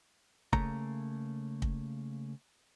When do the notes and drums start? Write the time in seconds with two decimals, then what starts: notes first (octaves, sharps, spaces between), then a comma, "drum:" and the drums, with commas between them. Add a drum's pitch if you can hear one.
0.53 C#3 A3 A#3 A#5, drum: kick
1.62 drum: kick